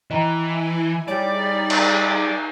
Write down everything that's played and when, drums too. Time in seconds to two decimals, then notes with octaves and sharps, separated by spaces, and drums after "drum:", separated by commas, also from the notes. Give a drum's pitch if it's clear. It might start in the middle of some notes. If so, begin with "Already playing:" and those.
0.11 E3 E4 D#5 G5 G#5 A#5
1.08 G3 D#4 G#4 C#5 D5 G5 G#5
1.70 drum: cymbal